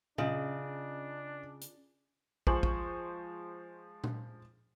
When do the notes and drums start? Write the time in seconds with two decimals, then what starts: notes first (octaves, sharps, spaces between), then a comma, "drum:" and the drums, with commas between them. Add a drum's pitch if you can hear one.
0.18 C#3 C#4 D4 F4 G#4 D#5, drum: tom A#2
1.61 drum: hi-hat
2.47 F3 G#3 C5 G#5 C#6 F#7, drum: kick
2.63 drum: kick
4.04 drum: tom A#2